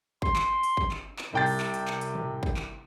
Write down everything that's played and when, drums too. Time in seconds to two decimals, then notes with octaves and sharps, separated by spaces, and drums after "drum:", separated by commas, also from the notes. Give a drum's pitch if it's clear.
0.22 C6, drum: kick
0.36 drum: clap
0.63 drum: hi-hat
0.77 drum: kick
0.91 drum: clap
1.19 drum: clap
1.33 C2 C3 G5 A6
1.46 drum: open hi-hat
1.60 drum: clap
1.74 drum: hi-hat
1.88 drum: clap
2.01 drum: hi-hat
2.15 drum: tom
2.43 drum: kick
2.57 drum: clap